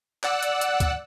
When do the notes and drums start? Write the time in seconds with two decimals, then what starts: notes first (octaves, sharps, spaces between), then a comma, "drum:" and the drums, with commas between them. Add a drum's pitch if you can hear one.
0.24 D5 F#5 E6 F#6, drum: clap
0.43 drum: hi-hat
0.61 drum: hi-hat
0.80 drum: kick D2, hi-hat